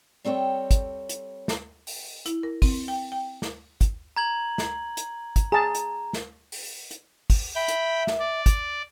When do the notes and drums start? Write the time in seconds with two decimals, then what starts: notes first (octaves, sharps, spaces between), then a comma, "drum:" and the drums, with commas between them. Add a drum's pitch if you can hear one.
0.25 G3 C4 A4 C#5 G5
0.71 drum: kick, hi-hat
1.09 drum: hi-hat
1.48 drum: snare
1.87 drum: open hi-hat
2.26 E4, drum: hi-hat
2.43 A#4
2.62 C4, drum: kick, open hi-hat
2.88 G5
3.12 G5
3.42 drum: snare
3.81 drum: kick, hi-hat
4.17 A#5 G#6 F#7
4.58 drum: snare
4.97 drum: hi-hat
5.36 drum: kick, hi-hat
5.52 G#4 A5 A#5
5.75 drum: hi-hat
6.13 drum: snare
6.52 drum: open hi-hat
6.91 drum: hi-hat
7.30 drum: kick, open hi-hat
7.55 E5 G5 B5
7.68 drum: hi-hat
8.07 drum: snare
8.19 D5
8.46 drum: kick, hi-hat